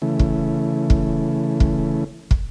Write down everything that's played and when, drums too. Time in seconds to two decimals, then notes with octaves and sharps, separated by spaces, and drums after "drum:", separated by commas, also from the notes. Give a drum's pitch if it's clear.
0.02 C#3 E3 A3
0.19 drum: kick
0.90 drum: kick
1.60 drum: kick
2.31 drum: kick